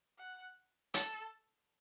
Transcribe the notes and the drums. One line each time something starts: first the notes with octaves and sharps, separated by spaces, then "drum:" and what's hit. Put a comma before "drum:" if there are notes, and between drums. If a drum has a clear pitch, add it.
F#5
A4, drum: hi-hat